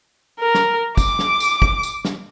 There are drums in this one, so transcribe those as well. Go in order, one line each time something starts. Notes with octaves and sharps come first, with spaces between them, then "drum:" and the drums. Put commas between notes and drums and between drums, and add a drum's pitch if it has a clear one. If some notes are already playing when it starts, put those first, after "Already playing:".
A#4
drum: snare
D6, drum: kick, tambourine
drum: snare
drum: tambourine
drum: kick
drum: tambourine
drum: snare